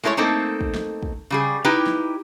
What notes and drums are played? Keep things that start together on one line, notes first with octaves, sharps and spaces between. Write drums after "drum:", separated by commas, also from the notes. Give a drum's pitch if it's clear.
G#3 A3 E4 B4 C#5
A3 A#3 C4 D#4 A4
drum: kick
drum: snare
drum: kick
C#3 G3 G#4
D#4 E4 G4 B4
drum: snare